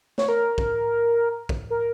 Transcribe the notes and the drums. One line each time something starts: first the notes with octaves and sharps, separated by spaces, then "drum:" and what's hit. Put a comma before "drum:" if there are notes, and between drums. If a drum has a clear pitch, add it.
C#5, drum: snare
A#4
drum: kick
drum: kick
A#4